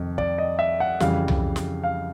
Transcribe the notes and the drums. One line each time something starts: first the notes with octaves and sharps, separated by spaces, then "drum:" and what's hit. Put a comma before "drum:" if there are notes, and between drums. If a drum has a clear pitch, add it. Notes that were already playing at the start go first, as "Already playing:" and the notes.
Already playing: F2 C3 D#3
D5, drum: kick
D#5
E5
F#5
F2 C#3 E3 G3 F5, drum: snare
drum: tom C2
drum: snare
F5